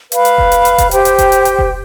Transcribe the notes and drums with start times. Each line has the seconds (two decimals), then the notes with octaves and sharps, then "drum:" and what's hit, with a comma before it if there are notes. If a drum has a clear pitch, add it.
0.12 B4 F5 B5, drum: hi-hat
0.25 drum: hi-hat
0.38 drum: kick F1
0.52 drum: hi-hat
0.65 drum: hi-hat
0.78 drum: kick F1, hi-hat
0.91 G4 C5 G5, drum: hi-hat
1.05 drum: hi-hat
1.18 drum: kick F1, hi-hat
1.32 drum: hi-hat
1.45 drum: hi-hat
1.59 drum: kick F1